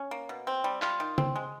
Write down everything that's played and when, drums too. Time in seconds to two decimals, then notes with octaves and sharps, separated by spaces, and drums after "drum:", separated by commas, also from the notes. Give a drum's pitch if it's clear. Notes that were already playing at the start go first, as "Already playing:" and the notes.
Already playing: C#4
0.11 A#3
0.29 B2
0.47 C4
0.64 G3
0.82 F4, drum: clap
1.00 D#3
1.18 C4, drum: tom C#3
1.36 G#3